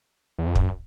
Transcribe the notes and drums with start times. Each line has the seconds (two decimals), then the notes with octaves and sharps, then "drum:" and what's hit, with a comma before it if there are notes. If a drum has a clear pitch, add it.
0.38 E2
0.47 F2
0.55 F#2, drum: kick